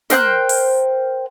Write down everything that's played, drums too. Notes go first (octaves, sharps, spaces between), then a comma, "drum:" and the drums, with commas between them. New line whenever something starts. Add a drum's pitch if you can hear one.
A#4 C5 G5 F#6, drum: snare
drum: open hi-hat